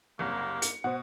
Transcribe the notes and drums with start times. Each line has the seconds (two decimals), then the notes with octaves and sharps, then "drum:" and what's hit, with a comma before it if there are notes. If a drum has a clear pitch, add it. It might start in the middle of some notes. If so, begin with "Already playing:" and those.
0.19 F#1 C2 A#3
0.62 C#7, drum: hi-hat
0.84 B2 C5 F#5